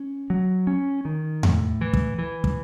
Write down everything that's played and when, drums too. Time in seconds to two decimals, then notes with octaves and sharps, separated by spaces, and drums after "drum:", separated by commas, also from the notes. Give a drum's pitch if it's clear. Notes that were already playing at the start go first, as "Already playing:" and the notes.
Already playing: C#4
0.30 F#3
0.67 C#4
1.05 D#3
1.43 A2, drum: tom E2
1.81 E3
1.93 drum: kick
2.18 E3
2.44 drum: kick